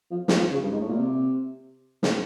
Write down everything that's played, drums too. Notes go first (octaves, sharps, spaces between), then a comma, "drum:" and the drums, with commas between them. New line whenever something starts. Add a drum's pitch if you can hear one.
F3
F3, drum: snare
F3
C#3
G2
G#2
A2
A#2
C3
C#3, drum: snare